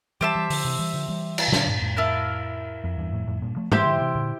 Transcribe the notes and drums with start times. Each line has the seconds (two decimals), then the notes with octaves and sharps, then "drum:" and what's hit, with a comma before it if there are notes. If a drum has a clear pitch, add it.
0.21 E3 G3 G4 C5 E5 A5
0.35 E3 G3
0.50 D3 F3, drum: open hi-hat
0.65 C3 E3
0.79 E3 G3
0.94 D3 F3
1.09 E3 G3
1.38 drum: cymbal
1.48 C3
1.52 A#2 D3, drum: snare
1.67 G2 A#2
1.81 F2 A2
1.97 E4 A#4 F5 A5
2.84 F2
2.98 E2 G2
3.13 F2 A2
3.27 F2 A2
3.42 G2 A#2
3.56 F3 A3
3.72 E3 G3 E4 G4 C5, drum: tom G#2
3.86 D3 F3
4.00 C3 E3
4.15 A#2 D3